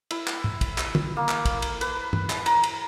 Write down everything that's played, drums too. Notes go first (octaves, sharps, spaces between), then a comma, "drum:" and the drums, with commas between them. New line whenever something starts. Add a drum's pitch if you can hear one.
E4, drum: cymbal
drum: clap
drum: tom
drum: kick, cymbal
drum: clap
drum: tom
A#3
drum: clap
drum: kick, cymbal
drum: cymbal
B4, drum: cymbal
drum: tom G2
drum: clap
A#5, drum: cymbal
drum: cymbal